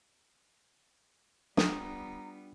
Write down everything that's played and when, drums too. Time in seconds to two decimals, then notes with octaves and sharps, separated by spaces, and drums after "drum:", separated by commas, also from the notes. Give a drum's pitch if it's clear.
1.57 G3 B3 D4 F4 G5 A#5 D#6, drum: snare